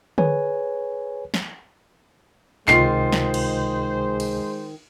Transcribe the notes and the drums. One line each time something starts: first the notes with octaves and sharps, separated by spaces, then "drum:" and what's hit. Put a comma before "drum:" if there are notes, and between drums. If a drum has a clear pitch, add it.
G#4 B4 C#5 G#5, drum: tom D3
drum: snare
C#2 C3 D#3 G#3 F4 C5 C7, drum: clap
drum: snare
drum: cymbal
drum: cymbal